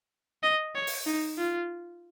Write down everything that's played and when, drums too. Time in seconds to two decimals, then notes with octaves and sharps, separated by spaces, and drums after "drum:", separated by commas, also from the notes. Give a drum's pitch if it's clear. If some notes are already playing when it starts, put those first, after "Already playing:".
0.43 D#5
0.75 C#5
0.87 drum: open hi-hat
1.06 D#4
1.38 F4